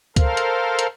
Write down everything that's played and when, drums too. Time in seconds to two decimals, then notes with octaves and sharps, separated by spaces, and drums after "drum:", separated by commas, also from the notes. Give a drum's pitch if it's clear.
0.16 A4 A#4 C5 F5, drum: kick C#2, hi-hat
0.37 drum: hi-hat
0.79 drum: hi-hat